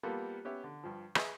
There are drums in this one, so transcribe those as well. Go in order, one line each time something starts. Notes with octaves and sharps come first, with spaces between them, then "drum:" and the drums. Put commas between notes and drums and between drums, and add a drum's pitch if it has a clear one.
G3 A#3 B3 F4 A4 A#4
B3 C#4 G4 E5
D3
G2 F3
G#4 B4 D#5 E5, drum: rim click